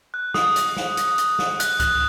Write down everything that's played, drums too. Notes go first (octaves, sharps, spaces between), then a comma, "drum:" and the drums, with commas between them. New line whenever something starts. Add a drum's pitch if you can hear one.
F#6
D#6, drum: snare
drum: hi-hat
drum: snare
drum: hi-hat
drum: hi-hat
drum: snare
F#6, drum: hi-hat
F#6, drum: kick C#2, hi-hat